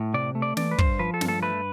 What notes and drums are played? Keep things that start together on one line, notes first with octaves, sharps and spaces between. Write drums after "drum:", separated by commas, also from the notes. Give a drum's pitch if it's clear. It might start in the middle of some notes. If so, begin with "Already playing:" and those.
Already playing: A2
C3 D5
A3
D5
E3 D5, drum: snare
B4
G2 C5, drum: kick
F3 B4
A4
G2, drum: snare
A4
A3 B4